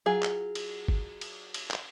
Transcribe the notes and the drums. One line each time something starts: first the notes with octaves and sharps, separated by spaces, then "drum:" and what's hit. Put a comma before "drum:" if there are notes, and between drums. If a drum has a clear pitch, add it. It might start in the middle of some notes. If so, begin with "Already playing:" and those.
F#3 F4 G#4
drum: clap
drum: cymbal
drum: kick G1
drum: cymbal
drum: cymbal
drum: clap